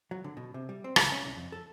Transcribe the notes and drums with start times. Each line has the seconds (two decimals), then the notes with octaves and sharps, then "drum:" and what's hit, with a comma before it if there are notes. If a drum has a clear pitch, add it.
0.11 F#3
0.24 D3
0.37 B2
0.54 C3
0.69 G3
0.84 C4
0.96 C#2, drum: rim click
1.12 C#4
1.25 C2
1.36 F2
1.52 A4